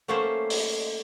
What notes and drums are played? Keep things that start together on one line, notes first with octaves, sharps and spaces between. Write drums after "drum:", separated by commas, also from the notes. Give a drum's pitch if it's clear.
F#3 A3 A#3 C#4 C5 E5
drum: open hi-hat